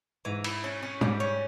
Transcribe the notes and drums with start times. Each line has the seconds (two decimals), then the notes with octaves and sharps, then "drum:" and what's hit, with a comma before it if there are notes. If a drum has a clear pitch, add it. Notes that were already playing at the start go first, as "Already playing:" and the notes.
0.25 G#2 E3
0.44 E4, drum: cymbal
0.64 C#4
0.83 C#4
1.01 G#2 G3, drum: tom
1.20 C#4